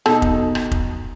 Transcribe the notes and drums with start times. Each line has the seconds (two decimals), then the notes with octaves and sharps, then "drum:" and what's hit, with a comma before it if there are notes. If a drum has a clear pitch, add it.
0.06 B2 D#4 A4, drum: rim click
0.22 drum: kick F1
0.55 drum: rim click
0.71 drum: kick F1